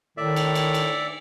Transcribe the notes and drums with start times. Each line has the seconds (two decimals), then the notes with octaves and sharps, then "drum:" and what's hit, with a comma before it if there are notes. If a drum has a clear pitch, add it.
0.17 A2 D#3 D5 E5
0.36 drum: cymbal
0.55 drum: cymbal
0.74 drum: cymbal